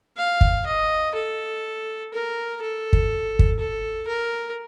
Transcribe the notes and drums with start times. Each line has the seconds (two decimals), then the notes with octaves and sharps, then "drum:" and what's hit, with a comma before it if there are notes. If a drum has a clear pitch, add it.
0.17 F5
0.41 drum: kick
0.67 D#5
1.15 A4
2.13 A#4
2.61 A4
2.93 drum: kick
3.39 drum: kick
3.59 A4
4.08 A#4